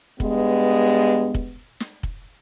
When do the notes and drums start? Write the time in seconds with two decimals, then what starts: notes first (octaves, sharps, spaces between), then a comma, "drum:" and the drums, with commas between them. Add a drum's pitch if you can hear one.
0.20 G2 G#3 B3, drum: kick
1.35 drum: kick
1.80 drum: snare
2.03 drum: kick